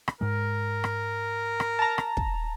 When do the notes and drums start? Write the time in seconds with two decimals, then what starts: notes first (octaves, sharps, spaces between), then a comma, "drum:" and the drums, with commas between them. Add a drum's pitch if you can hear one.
0.08 drum: rim click
0.21 G#2 G#3 A#4
0.84 drum: rim click
1.60 drum: rim click
1.79 A5 A#5
1.98 drum: rim click
2.17 drum: kick